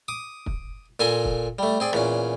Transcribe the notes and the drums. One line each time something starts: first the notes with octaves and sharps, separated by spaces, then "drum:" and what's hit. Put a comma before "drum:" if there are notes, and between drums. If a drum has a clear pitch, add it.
D6 D#6
drum: kick
A#2 A4 G#5 A#5 C6
drum: kick
G3 A3
C4 G#4 D5
E2 A#2 C#4, drum: rim click